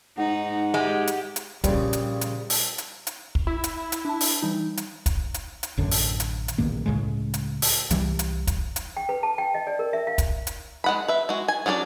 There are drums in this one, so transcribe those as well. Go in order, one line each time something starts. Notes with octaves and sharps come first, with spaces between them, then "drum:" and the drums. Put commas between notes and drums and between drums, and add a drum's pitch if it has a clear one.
G#2 D#4 F#5
G#3 G4
drum: hi-hat
drum: hi-hat
A#1 C#3 G3, drum: kick, hi-hat
drum: hi-hat
drum: hi-hat
drum: open hi-hat
drum: hi-hat
drum: hi-hat
drum: kick
E4
drum: hi-hat
drum: hi-hat
D4 A5
drum: open hi-hat
E3 G3 D#4
drum: hi-hat
drum: kick, hi-hat
drum: hi-hat
drum: hi-hat
A1 F#2 D3
drum: open hi-hat
drum: hi-hat
drum: hi-hat
A#1 G2 D#3 A#3
C#2 A2 C#3 G#3
drum: hi-hat
drum: open hi-hat
C2 E3 G3, drum: hi-hat
drum: hi-hat
drum: kick, hi-hat
drum: hi-hat
G5
B4
A5
G5
D#5
D5
A#4
E5
F5
drum: kick, hi-hat
drum: hi-hat
G#3 F#5 B5
B4 E5
G#3 F#4
G#5
F#3 C#4 D4 A4 D5